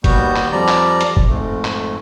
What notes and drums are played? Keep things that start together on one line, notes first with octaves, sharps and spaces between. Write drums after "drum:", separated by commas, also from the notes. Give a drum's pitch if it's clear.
D#2 G3 B3 F#4 G6, drum: kick F1, hi-hat
drum: clap
F2 F3 G3 D5 A#5
drum: clap
drum: hi-hat
drum: kick F1
F2 G#2 A3
drum: clap